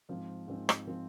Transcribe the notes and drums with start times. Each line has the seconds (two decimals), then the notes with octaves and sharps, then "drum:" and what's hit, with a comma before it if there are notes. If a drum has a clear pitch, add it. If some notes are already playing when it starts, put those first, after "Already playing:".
0.09 G#2 F3 C4
0.48 G#2 F3 C4
0.69 drum: rim click
0.87 F3 C4